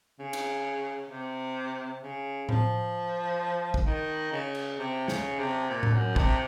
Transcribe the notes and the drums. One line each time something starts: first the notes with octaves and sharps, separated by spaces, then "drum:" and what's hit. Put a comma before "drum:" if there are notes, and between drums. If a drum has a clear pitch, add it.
C#3
drum: cymbal
C3
C#3
F3, drum: tom A2
drum: kick
D#3
C#3
drum: cymbal
C3
C#3, drum: snare
C3
A#2
drum: tom A2
F#2
C3, drum: kick